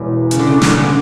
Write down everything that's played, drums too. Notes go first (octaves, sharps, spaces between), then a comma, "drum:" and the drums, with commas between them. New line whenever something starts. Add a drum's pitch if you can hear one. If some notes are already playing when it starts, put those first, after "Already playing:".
Already playing: E1 E2
C#3, drum: hi-hat
D3
C#3
D3
C#3, drum: snare
D3
C#3
D3